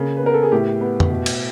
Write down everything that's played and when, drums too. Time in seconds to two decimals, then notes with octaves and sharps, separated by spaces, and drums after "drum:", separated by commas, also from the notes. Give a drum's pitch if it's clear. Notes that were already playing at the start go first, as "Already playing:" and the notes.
Already playing: C#3 A#3
0.17 B4
0.23 B3 A#4
0.34 A4
0.43 G#4
0.52 A2 G4
0.81 B3
1.00 drum: tom F2
1.10 B2
1.26 drum: cymbal